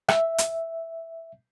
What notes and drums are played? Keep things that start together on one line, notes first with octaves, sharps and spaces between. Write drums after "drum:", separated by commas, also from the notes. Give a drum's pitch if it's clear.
E5, drum: rim click
drum: hi-hat